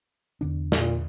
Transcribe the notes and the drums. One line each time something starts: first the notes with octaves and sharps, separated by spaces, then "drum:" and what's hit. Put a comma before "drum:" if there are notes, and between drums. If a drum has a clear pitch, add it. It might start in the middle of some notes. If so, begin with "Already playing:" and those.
E2 D3 D4
A#2, drum: snare